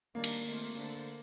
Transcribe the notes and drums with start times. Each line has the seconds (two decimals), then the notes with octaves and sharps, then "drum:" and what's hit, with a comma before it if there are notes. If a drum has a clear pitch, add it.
0.14 C3 D#3 G3 A#3 D4
0.24 drum: cymbal
0.45 D#3 A3 C4 F4
0.75 D3 A3 D4 A4 C5